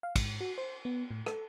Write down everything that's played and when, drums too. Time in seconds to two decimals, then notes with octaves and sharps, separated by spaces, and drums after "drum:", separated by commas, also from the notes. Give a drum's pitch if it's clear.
0.03 F5
0.16 G#2, drum: kick, cymbal
0.41 F#4
0.58 C5
0.85 B3
1.11 A2
1.26 A4, drum: rim click